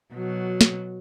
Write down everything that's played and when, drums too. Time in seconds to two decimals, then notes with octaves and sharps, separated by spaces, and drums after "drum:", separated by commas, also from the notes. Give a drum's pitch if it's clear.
0.12 B2 F#3
0.61 drum: snare